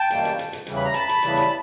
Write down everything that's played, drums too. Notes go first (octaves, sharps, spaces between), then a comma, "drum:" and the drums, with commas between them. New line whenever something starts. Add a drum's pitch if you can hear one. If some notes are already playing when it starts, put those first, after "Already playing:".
Already playing: G5 A5
F#2 D#3 G3 A#3, drum: hi-hat
drum: hi-hat
drum: hi-hat
drum: hi-hat
E2 C#3 E3 G3, drum: hi-hat
B5
A#5
A5 B5, drum: hi-hat
drum: hi-hat
E2 C#3 E3 G3, drum: hi-hat
drum: hi-hat